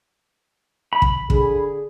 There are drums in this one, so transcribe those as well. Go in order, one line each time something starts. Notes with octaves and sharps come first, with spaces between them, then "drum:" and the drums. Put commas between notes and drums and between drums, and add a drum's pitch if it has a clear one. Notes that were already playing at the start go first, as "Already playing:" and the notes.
B5
drum: kick
D3 G#4, drum: kick